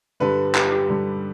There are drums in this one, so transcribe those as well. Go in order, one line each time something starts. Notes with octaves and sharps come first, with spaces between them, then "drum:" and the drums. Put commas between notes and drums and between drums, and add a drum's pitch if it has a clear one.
G2 D3 G3 B4
G4, drum: clap
G4
G2 D3 G3